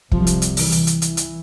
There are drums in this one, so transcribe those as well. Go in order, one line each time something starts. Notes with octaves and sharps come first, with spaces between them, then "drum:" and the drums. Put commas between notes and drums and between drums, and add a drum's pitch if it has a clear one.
C2 C3 F3, drum: kick
drum: hi-hat
drum: hi-hat
E3, drum: open hi-hat
drum: hi-hat
drum: hi-hat
E3, drum: hi-hat
drum: hi-hat